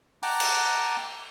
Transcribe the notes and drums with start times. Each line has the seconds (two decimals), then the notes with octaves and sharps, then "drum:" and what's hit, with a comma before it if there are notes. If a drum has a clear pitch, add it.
0.23 F#5 G5 A5 A#5 D6, drum: open hi-hat
0.40 drum: cymbal